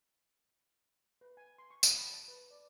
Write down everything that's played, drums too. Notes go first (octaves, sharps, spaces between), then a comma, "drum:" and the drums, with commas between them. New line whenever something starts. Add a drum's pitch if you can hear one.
B4
G#5
C6
C#6
F#5, drum: tambourine
B5
A5
B4
D5